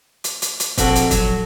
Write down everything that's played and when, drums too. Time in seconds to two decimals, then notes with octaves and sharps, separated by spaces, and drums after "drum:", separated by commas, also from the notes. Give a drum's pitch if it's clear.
0.24 drum: hi-hat
0.42 drum: hi-hat
0.60 drum: hi-hat
0.78 A#1 C4 F#4 A4, drum: kick, hi-hat
0.95 drum: hi-hat
1.11 F#3, drum: kick, hi-hat